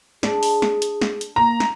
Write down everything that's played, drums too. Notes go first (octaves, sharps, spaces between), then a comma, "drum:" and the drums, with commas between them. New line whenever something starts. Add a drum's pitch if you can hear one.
D4 G#4, drum: snare
drum: open hi-hat
drum: snare
drum: hi-hat
drum: snare
drum: hi-hat
A#3 A#5
drum: snare